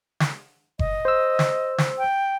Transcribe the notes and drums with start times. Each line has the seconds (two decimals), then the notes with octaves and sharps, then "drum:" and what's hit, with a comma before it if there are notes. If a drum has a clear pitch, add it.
0.20 drum: snare
0.79 D#5, drum: kick F#1
1.05 C5 E6
1.39 drum: snare
1.78 drum: snare
1.98 G5